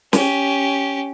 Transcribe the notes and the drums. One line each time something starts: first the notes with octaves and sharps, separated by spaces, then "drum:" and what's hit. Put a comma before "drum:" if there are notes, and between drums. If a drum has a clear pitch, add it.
C#4 G4, drum: snare